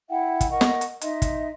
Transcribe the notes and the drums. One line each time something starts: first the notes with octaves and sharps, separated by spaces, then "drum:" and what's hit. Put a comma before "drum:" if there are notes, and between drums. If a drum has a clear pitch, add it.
E4 E5 F#5 G5
drum: kick, hi-hat
A#4 D#5 F#5 C#6
drum: snare
drum: hi-hat
D#4 D#5 E5 C6, drum: hi-hat
drum: kick, hi-hat